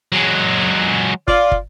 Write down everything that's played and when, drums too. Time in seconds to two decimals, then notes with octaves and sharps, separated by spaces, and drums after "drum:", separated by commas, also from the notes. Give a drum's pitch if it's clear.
0.12 F#3 G#3
1.28 F4 D5, drum: kick
1.52 drum: kick